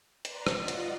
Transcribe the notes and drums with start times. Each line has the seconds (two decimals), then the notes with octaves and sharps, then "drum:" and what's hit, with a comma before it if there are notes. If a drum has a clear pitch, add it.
0.25 B4 D5 A#5 C6, drum: hi-hat
0.47 drum: rim click
0.57 F4 D5 D#5 F#5
0.68 drum: hi-hat